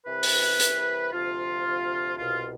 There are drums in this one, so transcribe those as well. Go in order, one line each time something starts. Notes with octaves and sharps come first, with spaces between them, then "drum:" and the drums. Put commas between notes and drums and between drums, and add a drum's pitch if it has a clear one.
C2 C3 E3 B4
drum: open hi-hat
C2 C3 E3, drum: hi-hat
D2 C3 F3 F4
D2 C3 F3
C2 B2 F4